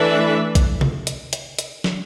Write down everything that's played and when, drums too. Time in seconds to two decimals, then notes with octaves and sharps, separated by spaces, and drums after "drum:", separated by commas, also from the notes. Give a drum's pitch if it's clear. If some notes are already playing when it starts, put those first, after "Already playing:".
Already playing: E3 A3 D4 B4 E5
0.55 drum: kick A#1, hi-hat
0.81 drum: tom C3
1.07 drum: hi-hat
1.33 drum: hi-hat
1.59 drum: hi-hat
1.84 drum: snare